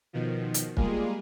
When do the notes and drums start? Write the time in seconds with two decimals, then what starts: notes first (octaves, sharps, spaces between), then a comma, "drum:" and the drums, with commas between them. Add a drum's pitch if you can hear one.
0.13 B2 D#3 F3
0.54 drum: hi-hat
0.77 G3 G#3 A#3 F4 G#4, drum: kick